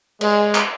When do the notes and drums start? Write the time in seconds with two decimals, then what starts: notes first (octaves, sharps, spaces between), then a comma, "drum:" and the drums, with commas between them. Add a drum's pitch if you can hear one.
0.21 G#3, drum: cymbal
0.55 drum: clap